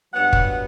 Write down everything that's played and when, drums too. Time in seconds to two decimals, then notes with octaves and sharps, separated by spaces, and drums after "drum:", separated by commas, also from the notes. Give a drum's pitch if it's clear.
0.14 G2 F#3 B3 F#5
0.33 drum: kick